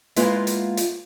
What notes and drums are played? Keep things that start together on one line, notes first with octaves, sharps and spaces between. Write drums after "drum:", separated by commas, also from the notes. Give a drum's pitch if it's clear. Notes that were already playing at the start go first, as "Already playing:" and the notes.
G#3 A#3 B3 E4 F4 B4, drum: hi-hat
drum: hi-hat
drum: hi-hat